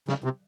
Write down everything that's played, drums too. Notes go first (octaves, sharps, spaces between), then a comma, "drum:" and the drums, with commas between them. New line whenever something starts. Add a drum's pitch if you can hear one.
C#3, drum: snare
C3